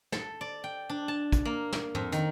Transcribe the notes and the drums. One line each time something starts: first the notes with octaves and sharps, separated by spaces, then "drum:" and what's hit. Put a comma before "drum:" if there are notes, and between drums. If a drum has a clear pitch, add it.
A4, drum: snare
D5
G5
D4
A5
drum: kick, hi-hat
A#3
drum: snare
F2, drum: tom
D#3, drum: hi-hat